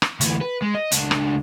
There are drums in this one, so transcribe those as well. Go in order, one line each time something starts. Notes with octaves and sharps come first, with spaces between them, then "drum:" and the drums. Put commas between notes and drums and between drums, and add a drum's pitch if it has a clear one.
drum: rim click
D2 E3, drum: hi-hat
B4
G#3
D#5
C#2 D4, drum: hi-hat
drum: rim click